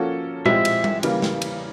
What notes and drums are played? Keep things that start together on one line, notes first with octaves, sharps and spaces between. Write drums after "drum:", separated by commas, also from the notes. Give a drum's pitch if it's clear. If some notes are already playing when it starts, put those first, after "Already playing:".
Already playing: F3 A#3 C#4 F#4 A4
F3 G#3 C4 E4 G4 E5, drum: tom A#2
drum: cymbal
drum: tom G3
C#3 E3 G3 A#3, drum: cymbal
drum: snare
drum: cymbal